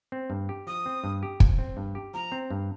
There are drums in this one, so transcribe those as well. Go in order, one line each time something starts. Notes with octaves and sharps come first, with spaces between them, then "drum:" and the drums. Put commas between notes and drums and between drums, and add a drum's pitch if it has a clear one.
C4
G2
G4
F3 D#6
C4
G2
G4
F3, drum: kick
C4
G2
G4
F3 A#5
C4
G2